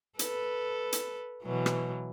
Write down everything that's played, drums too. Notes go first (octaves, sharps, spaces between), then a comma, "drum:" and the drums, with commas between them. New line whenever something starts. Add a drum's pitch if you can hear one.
A4 B4, drum: hi-hat
drum: hi-hat
B2 E3 F#3
drum: rim click